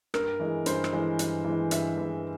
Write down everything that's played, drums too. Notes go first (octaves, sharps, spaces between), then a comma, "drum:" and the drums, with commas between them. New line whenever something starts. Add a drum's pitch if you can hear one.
G2 A#4, drum: rim click
E3 G#3
G2 C5, drum: hi-hat
drum: rim click
E3 G#3
G2, drum: hi-hat
E3
G#3
G2 E5, drum: hi-hat
E3 G#3